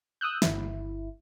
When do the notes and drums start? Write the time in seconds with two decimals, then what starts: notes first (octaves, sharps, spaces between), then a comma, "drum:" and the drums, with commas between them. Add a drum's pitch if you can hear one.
0.21 D#6 E6 F#6 G6
0.42 G1 E4, drum: snare